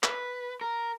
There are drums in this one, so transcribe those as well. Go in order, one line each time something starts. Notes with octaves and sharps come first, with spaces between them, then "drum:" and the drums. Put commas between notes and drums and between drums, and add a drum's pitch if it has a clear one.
B4, drum: clap
A#4